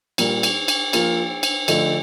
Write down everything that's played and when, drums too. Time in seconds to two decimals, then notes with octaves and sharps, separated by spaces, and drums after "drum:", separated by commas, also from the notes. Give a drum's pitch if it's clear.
0.18 A#2 G3 A#3, drum: cymbal
0.43 drum: cymbal
0.68 drum: cymbal
0.93 F3 A#3 F4, drum: cymbal
1.43 drum: cymbal
1.68 D3 F3 A3 D#4, drum: cymbal